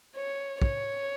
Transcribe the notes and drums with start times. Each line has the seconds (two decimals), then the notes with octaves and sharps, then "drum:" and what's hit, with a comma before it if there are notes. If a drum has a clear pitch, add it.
0.15 C#5
0.62 C#5, drum: kick